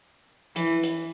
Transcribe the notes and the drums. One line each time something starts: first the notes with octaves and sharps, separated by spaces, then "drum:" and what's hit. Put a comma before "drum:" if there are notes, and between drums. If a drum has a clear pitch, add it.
E3, drum: hi-hat
drum: hi-hat